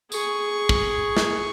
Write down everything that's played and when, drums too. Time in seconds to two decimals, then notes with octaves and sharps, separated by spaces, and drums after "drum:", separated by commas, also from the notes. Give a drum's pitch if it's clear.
0.12 G#4 C#6, drum: tambourine
0.69 drum: kick
1.17 drum: snare